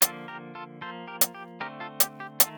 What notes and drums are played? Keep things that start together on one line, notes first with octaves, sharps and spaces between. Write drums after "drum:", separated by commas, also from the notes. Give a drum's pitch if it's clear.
D3 F3 A#3 F4 A4, drum: hi-hat
G4 A#4
F4 A4
F3 A#3 A4 C5
G4 A#4
drum: hi-hat
G4
D3 A3 C4 G4 A#4
F4 A4
G4, drum: hi-hat
G4
D#3 A3 F4 A4, drum: hi-hat